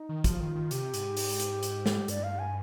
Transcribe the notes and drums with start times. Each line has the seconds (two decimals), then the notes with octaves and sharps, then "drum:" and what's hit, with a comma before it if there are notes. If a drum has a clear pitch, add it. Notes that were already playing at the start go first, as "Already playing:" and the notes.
Already playing: D#4
0.09 D#3
0.24 F3 F4, drum: kick, hi-hat
0.40 D#3
0.55 D#3
0.71 C3 G4, drum: hi-hat
0.94 G#2, drum: hi-hat
1.17 drum: open hi-hat
1.40 drum: hi-hat
1.63 drum: hi-hat
1.86 drum: snare
2.08 G2 D5, drum: hi-hat
2.23 F5
2.39 G#5